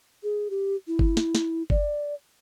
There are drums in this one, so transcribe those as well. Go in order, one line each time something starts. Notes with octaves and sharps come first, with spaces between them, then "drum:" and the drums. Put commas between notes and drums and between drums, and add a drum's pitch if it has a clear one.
G#4
G4
E4
drum: kick G1
drum: snare
drum: snare
D5, drum: kick G1